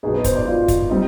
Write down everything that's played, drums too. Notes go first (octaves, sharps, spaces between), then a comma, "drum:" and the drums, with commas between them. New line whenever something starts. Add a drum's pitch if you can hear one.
B1 B2 B3 D#4 G#4
B4
C5, drum: kick, hi-hat
D5
F4
drum: kick, hi-hat
G3 C4 D#4